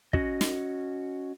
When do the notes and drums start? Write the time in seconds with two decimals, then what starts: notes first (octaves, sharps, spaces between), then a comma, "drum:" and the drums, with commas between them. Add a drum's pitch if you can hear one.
0.13 C#4 F#4 D#5, drum: kick
0.41 drum: snare